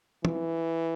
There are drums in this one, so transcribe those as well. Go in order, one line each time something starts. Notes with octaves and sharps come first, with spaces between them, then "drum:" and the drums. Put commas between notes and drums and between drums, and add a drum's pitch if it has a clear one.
E3, drum: tom